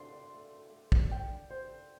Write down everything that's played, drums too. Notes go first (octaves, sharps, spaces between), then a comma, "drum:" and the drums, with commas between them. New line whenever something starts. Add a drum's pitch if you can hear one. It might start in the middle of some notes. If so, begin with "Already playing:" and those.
Already playing: A3 D4 D5 C6
D5
A3
A3
A3
D5, drum: kick
D5 G5
D4
C5 D5
A4